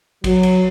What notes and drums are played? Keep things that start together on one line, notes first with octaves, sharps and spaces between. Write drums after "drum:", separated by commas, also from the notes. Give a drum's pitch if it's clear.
F#3, drum: kick A1, cymbal
drum: cymbal